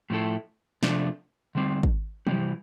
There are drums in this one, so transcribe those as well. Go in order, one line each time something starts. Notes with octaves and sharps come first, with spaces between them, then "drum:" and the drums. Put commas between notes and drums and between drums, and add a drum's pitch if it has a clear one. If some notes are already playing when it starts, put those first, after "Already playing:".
A2 F3 C4 E4 A4
C3 F3 A3 D4, drum: snare
D3 G3 C4
drum: kick G#1
C3 E3 G3, drum: tom